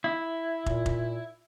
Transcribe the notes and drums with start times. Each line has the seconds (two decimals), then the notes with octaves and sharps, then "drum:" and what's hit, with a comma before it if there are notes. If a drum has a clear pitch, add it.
0.04 E4
0.66 A#2, drum: kick
0.86 drum: kick